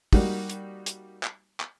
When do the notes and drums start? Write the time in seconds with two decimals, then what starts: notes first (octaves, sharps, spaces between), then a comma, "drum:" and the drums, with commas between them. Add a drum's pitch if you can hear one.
0.13 G3 A#3 D#4 F#4, drum: kick, open hi-hat
0.49 drum: hi-hat
0.86 drum: hi-hat
1.23 drum: clap
1.60 drum: clap